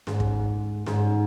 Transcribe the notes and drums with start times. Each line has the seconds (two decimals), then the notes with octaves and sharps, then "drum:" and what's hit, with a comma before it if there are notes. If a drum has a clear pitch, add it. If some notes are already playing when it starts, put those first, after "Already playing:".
0.07 G#2, drum: snare
0.20 drum: kick
0.87 G#2, drum: snare